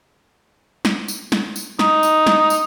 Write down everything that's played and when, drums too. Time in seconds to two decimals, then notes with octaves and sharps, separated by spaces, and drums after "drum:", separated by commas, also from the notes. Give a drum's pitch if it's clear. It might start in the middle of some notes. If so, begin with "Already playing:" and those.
0.85 drum: snare
1.08 drum: tambourine
1.32 drum: snare
1.56 drum: tambourine
1.79 D#4, drum: snare
2.03 drum: tambourine
2.27 drum: snare
2.50 drum: tambourine